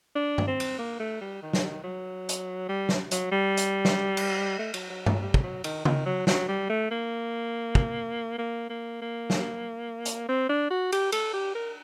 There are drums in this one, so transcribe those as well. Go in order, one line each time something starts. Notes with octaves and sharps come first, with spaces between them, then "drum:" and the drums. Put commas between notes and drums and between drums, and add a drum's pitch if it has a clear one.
D4
drum: tom G2
C4
drum: cymbal
A#3
A3
G3
D#3
drum: snare
D#3
F#3
drum: hi-hat
G3
drum: snare
F#3, drum: hi-hat
G3
drum: hi-hat
drum: snare
drum: cymbal
A3
F#3, drum: cymbal
F#3
F#3, drum: tom G2
G3
drum: kick
F#3
D#3, drum: cymbal
D#3, drum: tom
F#3
F#3, drum: snare
G3
A3
A#3
drum: kick
A#3
A#3
A#3
drum: snare
drum: hi-hat
C4
D4
F#4
G4, drum: cymbal
A4, drum: cymbal
G4
A#4